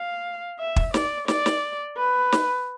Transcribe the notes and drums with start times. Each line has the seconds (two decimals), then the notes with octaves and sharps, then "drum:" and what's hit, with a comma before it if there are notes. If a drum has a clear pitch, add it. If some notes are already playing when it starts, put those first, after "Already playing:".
Already playing: F5
0.59 E5
0.76 drum: kick
0.94 D5, drum: snare
1.28 D5, drum: snare
1.46 drum: snare
1.97 B4
2.32 drum: snare